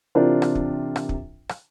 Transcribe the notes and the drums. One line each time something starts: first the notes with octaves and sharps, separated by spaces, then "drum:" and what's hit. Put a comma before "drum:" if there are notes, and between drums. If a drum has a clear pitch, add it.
C3 E3 D4 F4 A#4 C5
drum: rim click
drum: kick
drum: rim click
drum: kick
drum: rim click